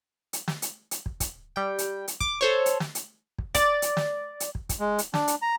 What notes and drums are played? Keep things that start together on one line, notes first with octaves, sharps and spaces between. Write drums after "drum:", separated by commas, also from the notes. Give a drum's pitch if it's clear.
drum: hi-hat
drum: snare
drum: hi-hat
drum: hi-hat
drum: kick
drum: kick, hi-hat
G3 G5
drum: hi-hat
drum: hi-hat
D6, drum: kick
A4 C5 C#5
drum: hi-hat
drum: snare
drum: hi-hat
drum: kick
D5, drum: kick, hi-hat
drum: hi-hat
drum: snare
drum: hi-hat
drum: kick
drum: kick, hi-hat
G#3
drum: hi-hat
D4, drum: snare
drum: hi-hat
A#5